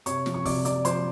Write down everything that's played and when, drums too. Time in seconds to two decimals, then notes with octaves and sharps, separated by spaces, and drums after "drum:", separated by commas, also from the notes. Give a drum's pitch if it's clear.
0.06 C3 C#5 C#6, drum: hi-hat
0.26 F3, drum: snare
0.34 C#6
0.45 C3 D5 D6, drum: kick, open hi-hat
0.65 C3 D5 D6, drum: hi-hat
0.85 F3 C5 C6, drum: hi-hat